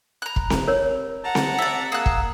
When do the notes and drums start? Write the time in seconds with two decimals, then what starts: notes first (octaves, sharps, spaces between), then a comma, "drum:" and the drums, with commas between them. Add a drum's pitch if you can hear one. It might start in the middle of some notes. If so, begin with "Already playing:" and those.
0.22 A#5 F#6
0.36 drum: kick
0.50 drum: snare C4
0.68 A#4 C#5
1.24 F#5 A5 A#5
1.35 drum: snare C4
1.58 D5 E5
1.92 A#3 G#4 E6 F#6
2.06 drum: kick